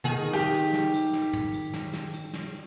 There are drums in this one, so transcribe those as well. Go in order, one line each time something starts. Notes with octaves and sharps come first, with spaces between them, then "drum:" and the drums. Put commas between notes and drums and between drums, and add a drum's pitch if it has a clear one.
D#3 G#4
G4, drum: snare
drum: tambourine
drum: snare
drum: tambourine
drum: snare
drum: tom
drum: tambourine
drum: snare
drum: snare
drum: tambourine
drum: snare